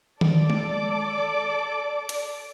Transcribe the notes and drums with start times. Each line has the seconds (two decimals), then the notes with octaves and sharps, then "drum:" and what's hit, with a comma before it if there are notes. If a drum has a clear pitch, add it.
0.21 A4 D5 D6, drum: tom D#3
0.50 drum: tom G#3
2.09 drum: hi-hat